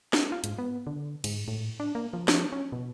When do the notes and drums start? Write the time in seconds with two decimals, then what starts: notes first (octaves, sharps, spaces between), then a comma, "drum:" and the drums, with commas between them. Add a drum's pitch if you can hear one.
0.13 drum: snare
0.32 F4
0.44 G#2, drum: hi-hat
0.58 B3
0.87 D3
1.24 G#2, drum: cymbal
1.48 A2
1.80 D4
1.95 A#3
2.13 F3
2.28 F3, drum: snare
2.52 C#4
2.72 B2